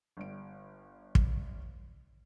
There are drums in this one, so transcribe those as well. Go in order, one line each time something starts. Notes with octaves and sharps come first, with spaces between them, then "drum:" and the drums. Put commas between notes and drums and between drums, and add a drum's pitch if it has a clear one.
G1 G3 D7
drum: kick